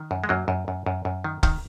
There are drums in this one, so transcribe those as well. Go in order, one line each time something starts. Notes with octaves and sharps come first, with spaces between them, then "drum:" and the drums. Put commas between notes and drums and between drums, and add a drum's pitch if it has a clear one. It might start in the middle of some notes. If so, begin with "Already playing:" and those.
Already playing: D#3
F#2
G#3
F#2 F#3 A#3
F#2
F#2
F#2
F#2
D#3
D#3, drum: kick